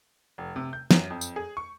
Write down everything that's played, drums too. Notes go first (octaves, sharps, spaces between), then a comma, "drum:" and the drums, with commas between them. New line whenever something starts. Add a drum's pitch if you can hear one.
F1
C3
G6
F#2, drum: snare
F2
drum: tambourine
G#4
C#6